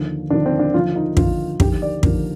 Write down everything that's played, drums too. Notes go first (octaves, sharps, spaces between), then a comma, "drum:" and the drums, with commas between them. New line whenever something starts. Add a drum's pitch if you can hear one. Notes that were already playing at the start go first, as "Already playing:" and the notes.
Already playing: D#2 D3 F3
D#2 D3 F3 D4
C4
D4
D#2 D3 F3 F4
D#4
D#2 D3 F3 F4, drum: kick
D#2 D3 F3 G4, drum: kick
D5
D#2 D3 F3 A#4, drum: kick